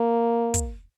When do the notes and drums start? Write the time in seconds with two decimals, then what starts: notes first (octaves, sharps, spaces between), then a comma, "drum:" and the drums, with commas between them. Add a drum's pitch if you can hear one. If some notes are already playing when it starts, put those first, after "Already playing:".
Already playing: A#3
0.54 drum: kick, hi-hat